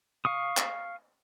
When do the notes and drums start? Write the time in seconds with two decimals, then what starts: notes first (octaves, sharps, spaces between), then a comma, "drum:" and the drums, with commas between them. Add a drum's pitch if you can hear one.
0.25 F5 C#6 D#6
0.57 drum: clap